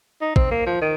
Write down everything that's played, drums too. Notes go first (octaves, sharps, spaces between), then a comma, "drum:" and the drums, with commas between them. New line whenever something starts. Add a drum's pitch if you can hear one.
D#4
C4, drum: kick
A#3
F3
D#3